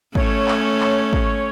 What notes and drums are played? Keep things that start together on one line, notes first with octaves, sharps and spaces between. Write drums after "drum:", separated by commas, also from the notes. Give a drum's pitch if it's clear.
A3 C#4 C#5, drum: kick
drum: clap
drum: clap
drum: kick